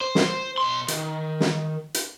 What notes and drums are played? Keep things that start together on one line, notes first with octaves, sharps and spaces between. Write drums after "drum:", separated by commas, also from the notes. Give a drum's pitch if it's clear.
C5
drum: snare
B1 C6
D#3, drum: hi-hat
drum: snare
drum: hi-hat